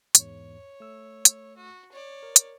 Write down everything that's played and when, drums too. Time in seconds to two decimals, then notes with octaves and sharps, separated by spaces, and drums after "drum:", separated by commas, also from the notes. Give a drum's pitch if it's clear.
0.15 E2 G#2 C#5, drum: hi-hat
0.80 A3 E6
1.25 drum: hi-hat
1.56 F#4
1.92 C#5 D5
2.23 A#4
2.36 drum: hi-hat